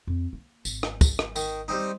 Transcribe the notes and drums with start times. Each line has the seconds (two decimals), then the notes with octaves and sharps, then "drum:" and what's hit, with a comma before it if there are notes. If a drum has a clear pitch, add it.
0.07 F2
0.33 A#3
0.65 G#1, drum: tambourine
0.83 drum: rim click
1.01 drum: kick, tambourine
1.19 drum: rim click
1.36 D#3, drum: tambourine
1.68 G3 C4 D#4